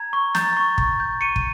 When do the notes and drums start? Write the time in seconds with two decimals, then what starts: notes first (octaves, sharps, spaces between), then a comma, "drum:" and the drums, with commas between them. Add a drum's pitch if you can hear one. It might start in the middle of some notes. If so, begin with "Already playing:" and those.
Already playing: A#5 G#6
0.13 C#6
0.35 A#5 G6 A6, drum: snare
0.57 C#6
0.78 C#6, drum: kick
1.00 G6
1.21 C#6 C#7 D#7
1.36 drum: kick